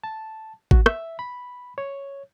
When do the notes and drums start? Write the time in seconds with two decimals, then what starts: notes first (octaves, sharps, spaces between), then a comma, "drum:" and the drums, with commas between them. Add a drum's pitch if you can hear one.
0.04 A5
0.71 F#4, drum: kick G#1
0.86 E5, drum: rim click
1.19 B5
1.78 C#5